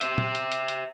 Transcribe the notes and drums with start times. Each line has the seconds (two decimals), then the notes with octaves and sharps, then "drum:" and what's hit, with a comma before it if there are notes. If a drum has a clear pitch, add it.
0.01 C5 E5, drum: hi-hat
0.18 drum: tom
0.35 drum: hi-hat
0.52 drum: hi-hat
0.68 drum: hi-hat